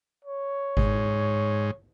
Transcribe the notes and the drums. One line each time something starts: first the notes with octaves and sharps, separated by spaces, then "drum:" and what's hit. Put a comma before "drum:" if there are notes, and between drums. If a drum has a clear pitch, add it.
C#5
G#2, drum: kick G1